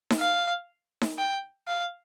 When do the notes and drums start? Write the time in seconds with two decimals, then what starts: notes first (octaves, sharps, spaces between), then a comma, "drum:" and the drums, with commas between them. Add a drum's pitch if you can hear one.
0.10 drum: snare D#4
0.20 F5
1.01 drum: snare D#4
1.18 G5
1.67 F5